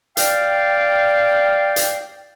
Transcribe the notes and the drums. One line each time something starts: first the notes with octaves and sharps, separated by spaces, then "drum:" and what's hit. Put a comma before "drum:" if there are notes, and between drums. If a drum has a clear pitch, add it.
D5 F5 G5, drum: hi-hat
drum: hi-hat